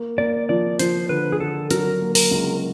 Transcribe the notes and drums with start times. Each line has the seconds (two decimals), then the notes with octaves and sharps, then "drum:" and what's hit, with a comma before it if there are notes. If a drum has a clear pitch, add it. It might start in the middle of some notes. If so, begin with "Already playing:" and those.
Already playing: A#3
0.18 A#3 D5
0.49 F3 D5
0.79 F3 C5, drum: hi-hat
1.09 D3 B4
1.32 G#4
1.40 D3 A4
1.71 F#3 A#4, drum: hi-hat
2.01 A#3
2.15 A#4, drum: open hi-hat
2.31 C#2